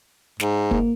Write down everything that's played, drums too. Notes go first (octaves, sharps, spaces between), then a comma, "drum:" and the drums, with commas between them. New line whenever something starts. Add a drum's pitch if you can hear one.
G#2, drum: snare
A#3, drum: kick